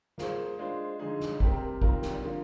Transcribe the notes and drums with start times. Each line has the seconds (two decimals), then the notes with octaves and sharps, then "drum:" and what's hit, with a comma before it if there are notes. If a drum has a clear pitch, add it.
0.18 A#3 F4 G#4 C5, drum: snare
0.59 G#3 D4 F4 C5
0.99 D3 F3 G#3 D#4 G#4
1.20 drum: snare
1.40 C3 G3 C4 G4 A#4, drum: kick
1.82 D#3 G3 C4 F4 A#4, drum: kick
2.02 drum: snare
2.22 D3 F3 A#3